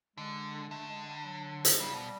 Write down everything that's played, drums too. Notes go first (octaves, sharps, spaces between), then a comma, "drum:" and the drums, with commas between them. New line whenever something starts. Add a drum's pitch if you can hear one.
D3 G#3
D3 A3
G#3
G3
F#3
drum: hi-hat
C#3 G3
B2